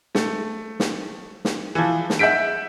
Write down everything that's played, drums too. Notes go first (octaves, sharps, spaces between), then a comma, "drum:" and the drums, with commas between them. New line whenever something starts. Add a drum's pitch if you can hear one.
A3, drum: snare
drum: snare
drum: snare
E3 F3
drum: snare
E5 F#5 G6 B6 D7